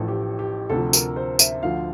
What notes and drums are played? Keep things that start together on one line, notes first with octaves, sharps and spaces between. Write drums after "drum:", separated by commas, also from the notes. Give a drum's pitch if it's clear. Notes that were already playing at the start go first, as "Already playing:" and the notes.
Already playing: A1 A2 F3 A4
G4
G4
D2 C3 F3 A4
A#4, drum: tambourine
C5
E5, drum: tambourine
D2 D3 F3 F5